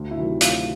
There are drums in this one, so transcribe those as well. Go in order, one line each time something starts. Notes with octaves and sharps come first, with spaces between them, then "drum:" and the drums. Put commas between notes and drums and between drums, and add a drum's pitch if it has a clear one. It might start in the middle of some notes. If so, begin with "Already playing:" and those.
Already playing: D2
E4
C3 D#3 F#3
D2 F4, drum: hi-hat